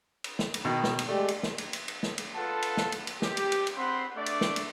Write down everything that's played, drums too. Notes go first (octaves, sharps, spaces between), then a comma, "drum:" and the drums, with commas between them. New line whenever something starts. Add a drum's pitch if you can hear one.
drum: cymbal
drum: snare
drum: cymbal
B2 D#3
drum: snare
drum: cymbal
G#3 A3 G4 D5
drum: cymbal
drum: snare
drum: cymbal
drum: cymbal
drum: cymbal
drum: snare
drum: cymbal
F4 A4 B4 F#5 A5
drum: cymbal
drum: snare
drum: cymbal
drum: cymbal
G4, drum: snare
drum: cymbal
drum: cymbal
drum: cymbal
C4 F#5 B5 C6
A3 D4 D5
drum: cymbal
drum: snare
drum: cymbal